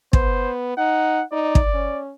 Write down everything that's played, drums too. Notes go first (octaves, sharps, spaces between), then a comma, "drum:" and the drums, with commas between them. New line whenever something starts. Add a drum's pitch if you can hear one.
B3 C5, drum: kick
D#4 F#5
D#4 D5
drum: kick
C#4